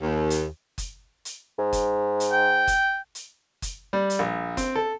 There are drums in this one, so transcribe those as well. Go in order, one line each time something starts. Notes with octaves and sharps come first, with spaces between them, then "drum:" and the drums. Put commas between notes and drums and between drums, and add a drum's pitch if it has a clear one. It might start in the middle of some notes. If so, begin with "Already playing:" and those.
D#2
drum: hi-hat
drum: kick F#1, hi-hat
drum: hi-hat
G#2
drum: kick F#1, hi-hat
drum: hi-hat
G5
drum: kick F#1, hi-hat
drum: hi-hat
drum: kick F#1, hi-hat
G3
drum: hi-hat
A#1
C4, drum: kick F#1, hi-hat
A4